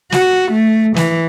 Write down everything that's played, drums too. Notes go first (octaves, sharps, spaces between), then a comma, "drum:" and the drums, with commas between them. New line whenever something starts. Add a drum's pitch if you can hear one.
F#4, drum: snare
A3
E3, drum: snare